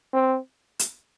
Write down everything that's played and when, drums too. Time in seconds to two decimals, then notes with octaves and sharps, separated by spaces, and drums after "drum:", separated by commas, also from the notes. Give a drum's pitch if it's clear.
0.13 C4
0.79 drum: hi-hat